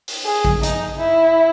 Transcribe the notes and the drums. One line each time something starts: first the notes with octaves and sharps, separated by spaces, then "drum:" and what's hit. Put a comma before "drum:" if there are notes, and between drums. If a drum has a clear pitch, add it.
drum: open hi-hat
G#4
drum: kick A1
D#4, drum: hi-hat
E4